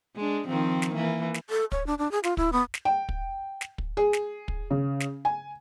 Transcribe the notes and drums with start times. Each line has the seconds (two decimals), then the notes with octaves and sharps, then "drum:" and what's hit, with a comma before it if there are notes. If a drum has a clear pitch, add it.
0.16 G#3 D4
0.48 D#3 F3 C4
0.82 drum: snare
0.94 E3 A#3
1.34 drum: snare
1.50 A4
1.72 C#5, drum: kick
1.87 D4
1.98 D4
2.11 G#4
2.24 F4, drum: snare
2.37 E4, drum: kick
2.53 B3
2.74 drum: snare
2.85 G5
3.09 drum: kick
3.61 drum: snare
3.78 drum: kick
3.97 G#4
4.13 drum: snare
4.48 drum: kick
4.71 C#3
5.00 drum: snare
5.25 G#5